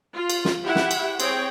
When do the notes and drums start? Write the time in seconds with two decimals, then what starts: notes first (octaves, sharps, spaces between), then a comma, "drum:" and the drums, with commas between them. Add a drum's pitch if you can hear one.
0.14 F4
0.30 drum: cymbal
0.45 drum: snare
0.65 E4 G4 E5 F#5
0.75 drum: snare
0.91 drum: cymbal
1.20 C4 G#4 C#5 G5, drum: cymbal